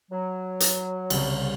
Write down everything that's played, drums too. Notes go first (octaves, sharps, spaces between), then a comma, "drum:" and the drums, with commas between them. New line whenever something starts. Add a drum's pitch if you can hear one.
F#3
drum: hi-hat
C2 C#3, drum: cymbal